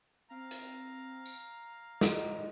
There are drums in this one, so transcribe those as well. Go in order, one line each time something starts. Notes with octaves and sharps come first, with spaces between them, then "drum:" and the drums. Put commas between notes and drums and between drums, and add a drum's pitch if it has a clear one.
C4 F5 A#5
drum: hi-hat
drum: tambourine
G#3 D#5, drum: snare